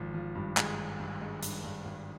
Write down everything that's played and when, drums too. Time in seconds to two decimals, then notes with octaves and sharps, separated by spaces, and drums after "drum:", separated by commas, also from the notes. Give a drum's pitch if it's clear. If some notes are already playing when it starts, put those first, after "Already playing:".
Already playing: G#1 F3
0.14 F3
0.35 G2
0.57 G#3, drum: clap
0.78 G2
1.00 G2
1.21 G#3
1.43 G2, drum: hi-hat
1.64 G2
1.85 G#1